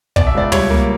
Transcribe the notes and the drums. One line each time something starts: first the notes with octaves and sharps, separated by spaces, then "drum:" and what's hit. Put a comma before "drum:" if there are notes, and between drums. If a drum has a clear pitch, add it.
B2 D5, drum: kick
E5
C#2 D5
G3 C#5, drum: tom
A#3